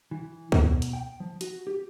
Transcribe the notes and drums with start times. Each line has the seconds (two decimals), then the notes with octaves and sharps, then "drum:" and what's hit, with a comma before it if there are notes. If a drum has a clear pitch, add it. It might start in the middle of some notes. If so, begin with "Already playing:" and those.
0.11 E3
0.52 B2, drum: kick C#2
0.82 drum: hi-hat
0.93 G5
1.20 F3
1.41 F#4, drum: hi-hat
1.67 G4